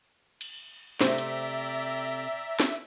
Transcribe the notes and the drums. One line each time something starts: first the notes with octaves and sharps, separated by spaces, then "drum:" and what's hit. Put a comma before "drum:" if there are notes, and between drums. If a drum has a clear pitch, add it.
drum: cymbal
C3 A3 C5 D5 E5 G5 A#5, drum: snare
drum: hi-hat
drum: snare